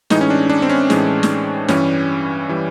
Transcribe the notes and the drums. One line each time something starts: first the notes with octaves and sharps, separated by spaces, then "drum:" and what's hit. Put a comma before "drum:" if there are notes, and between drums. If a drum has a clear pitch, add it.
A2 E3 G#3 D#4, drum: snare
C#4
D4
D4
C4
C#4
A2 E3 G#3, drum: snare
drum: snare
G2 E3 G3 C#4, drum: snare
E3 G3